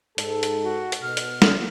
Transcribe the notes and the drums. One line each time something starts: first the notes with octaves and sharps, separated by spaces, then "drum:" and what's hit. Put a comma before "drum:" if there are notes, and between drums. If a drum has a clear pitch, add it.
G#2 A4, drum: hi-hat
drum: hi-hat
F#4
drum: hi-hat
B2 F6
drum: hi-hat
drum: snare